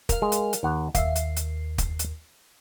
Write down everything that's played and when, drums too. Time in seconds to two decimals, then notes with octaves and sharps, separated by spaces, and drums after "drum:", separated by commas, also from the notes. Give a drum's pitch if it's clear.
0.09 A#4 F5, drum: kick, hi-hat
0.22 G#3
0.32 drum: hi-hat
0.53 drum: hi-hat
0.63 D#2 F#5
0.95 D#2 E5 F5 C7, drum: kick, hi-hat
1.15 drum: hi-hat
1.36 drum: hi-hat
1.78 drum: kick, hi-hat
1.99 drum: hi-hat